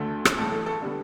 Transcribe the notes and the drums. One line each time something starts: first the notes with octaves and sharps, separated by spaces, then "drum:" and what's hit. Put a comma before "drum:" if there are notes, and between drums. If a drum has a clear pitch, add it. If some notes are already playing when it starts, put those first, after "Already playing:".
Already playing: D2 D3 A3
drum: rim click
A1 A2 A3 A4
A4
A4
D3 G3 B3